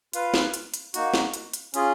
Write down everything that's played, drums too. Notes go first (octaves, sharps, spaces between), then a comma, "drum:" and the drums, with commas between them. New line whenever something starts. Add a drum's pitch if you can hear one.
F4 B4 F5, drum: hi-hat
drum: snare
drum: hi-hat
drum: hi-hat
A#3 D#4 F#4, drum: hi-hat
drum: snare
drum: hi-hat
drum: hi-hat
C#4 F4 G#4, drum: hi-hat